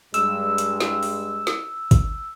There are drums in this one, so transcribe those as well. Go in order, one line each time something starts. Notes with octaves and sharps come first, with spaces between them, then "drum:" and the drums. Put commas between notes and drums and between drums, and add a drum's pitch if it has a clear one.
G2 G#3 E6, drum: hi-hat
drum: hi-hat
drum: snare
drum: open hi-hat
drum: snare
drum: kick, hi-hat